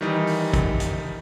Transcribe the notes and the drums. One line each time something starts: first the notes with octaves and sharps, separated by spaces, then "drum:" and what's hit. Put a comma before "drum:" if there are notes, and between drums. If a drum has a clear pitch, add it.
D#3 E3 G3 D#4
drum: open hi-hat
drum: kick, hi-hat
drum: hi-hat